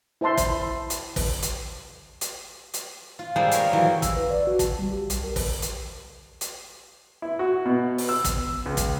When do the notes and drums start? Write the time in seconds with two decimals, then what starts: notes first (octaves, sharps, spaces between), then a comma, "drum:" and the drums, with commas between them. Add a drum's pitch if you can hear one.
0.21 E4 C5 E5 A5 C6
0.37 drum: kick, hi-hat
0.90 drum: hi-hat
1.16 drum: kick, open hi-hat
1.42 drum: hi-hat
2.21 drum: hi-hat
2.74 drum: hi-hat
3.19 F4
3.36 G3 G#3 A#3 G#4 A4 C5
3.51 A#3 A#4 C#5, drum: hi-hat
3.73 F#2 E3 F#3
4.02 E6, drum: kick, hi-hat
4.17 B4
4.31 D5
4.47 F#4
4.59 A5, drum: kick, hi-hat
4.79 G3
4.92 G4
5.10 B1, drum: hi-hat
5.24 A#4
5.36 drum: kick, open hi-hat
5.62 drum: hi-hat
6.41 drum: hi-hat
7.22 E4
7.39 F#4
7.65 B2
7.98 drum: open hi-hat
8.09 E6
8.24 drum: kick, hi-hat
8.66 C#2
8.77 drum: kick, hi-hat